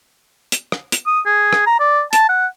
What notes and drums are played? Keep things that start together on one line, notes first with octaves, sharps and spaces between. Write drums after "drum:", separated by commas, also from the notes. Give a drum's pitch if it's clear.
drum: hi-hat
drum: rim click
drum: hi-hat
D#6
G#4
drum: rim click
A#5
D5
A5, drum: hi-hat
F#5